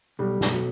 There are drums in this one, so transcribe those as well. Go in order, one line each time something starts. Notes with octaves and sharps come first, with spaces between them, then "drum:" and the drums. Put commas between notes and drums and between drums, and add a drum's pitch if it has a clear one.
B1 G3
B1, drum: snare
F#3